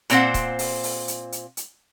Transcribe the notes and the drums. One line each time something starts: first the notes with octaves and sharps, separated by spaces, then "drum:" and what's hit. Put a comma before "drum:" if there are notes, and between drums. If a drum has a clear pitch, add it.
A#2 C4 C5 F#5, drum: hi-hat
drum: kick C#1, hi-hat
drum: open hi-hat
drum: open hi-hat
drum: hi-hat
drum: hi-hat
drum: hi-hat